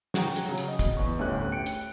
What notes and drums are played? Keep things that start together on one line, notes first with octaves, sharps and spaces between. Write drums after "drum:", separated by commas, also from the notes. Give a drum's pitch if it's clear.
F#4 G#4 F#5 G5 A#5, drum: snare
drum: hi-hat
C#3 F#3
drum: hi-hat
D#5
drum: kick, hi-hat
E2 C#6
G1 D2 A2 C#4 G4 F#6
G5 C#7 D7
drum: hi-hat